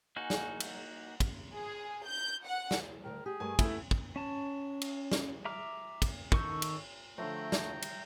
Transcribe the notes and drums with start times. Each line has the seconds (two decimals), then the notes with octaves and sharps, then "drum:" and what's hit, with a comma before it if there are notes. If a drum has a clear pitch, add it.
0.16 A#3 D#4 F#4 F#5 G#5
0.30 drum: snare
0.60 drum: cymbal
1.20 drum: kick, cymbal
1.54 G#4
2.05 G6
2.46 F#5
2.71 drum: snare
3.04 D2 C#3 A#4 G5
3.26 G4 G#4
3.40 G2 A3 A#4 G#5
3.59 A3 B3 E4 G#5, drum: kick, cymbal
3.91 drum: kick
4.16 C#4 A5
4.81 drum: cymbal
5.12 drum: snare
5.45 E5 A#5 D6 F6
6.02 drum: kick, cymbal
6.32 D#3 A4 C#6 E6 G6, drum: kick
6.62 drum: cymbal
7.18 D3 F3 A3 C#5 E5 G5 A#5 C6
7.52 drum: snare
7.82 drum: cymbal